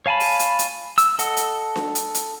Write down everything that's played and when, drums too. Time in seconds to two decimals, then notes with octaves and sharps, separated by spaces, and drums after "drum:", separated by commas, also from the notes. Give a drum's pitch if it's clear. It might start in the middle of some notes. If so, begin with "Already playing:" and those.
0.06 C#5 F5 G#5 A5 B5
0.20 drum: open hi-hat
0.39 drum: hi-hat
0.59 drum: hi-hat
0.98 E6, drum: hi-hat
1.19 A4 D#5 F#5, drum: hi-hat
1.37 drum: hi-hat
1.76 drum: snare D4
1.95 drum: hi-hat
2.14 drum: hi-hat